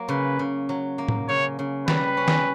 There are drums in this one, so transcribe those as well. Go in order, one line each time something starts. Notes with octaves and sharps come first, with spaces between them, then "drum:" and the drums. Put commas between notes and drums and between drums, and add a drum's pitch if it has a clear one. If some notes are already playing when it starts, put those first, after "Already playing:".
Already playing: F#3 A#3
C#3 B4
C#3
F#3
A#3
drum: tom A2
C#3 C#5
C#3
G3 B4, drum: snare
C#4
drum: snare